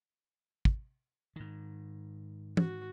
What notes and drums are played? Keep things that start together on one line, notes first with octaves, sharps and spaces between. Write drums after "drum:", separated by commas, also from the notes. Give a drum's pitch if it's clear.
drum: kick
G#2 D#3
F#4, drum: tom